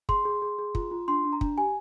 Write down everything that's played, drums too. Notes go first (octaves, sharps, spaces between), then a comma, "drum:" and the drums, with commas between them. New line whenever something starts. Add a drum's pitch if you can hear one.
G#4 C6, drum: kick
G#4
G#4
G#4
F4, drum: kick
F4
D4 C6
D4
A#5
D4, drum: kick
G4 G#5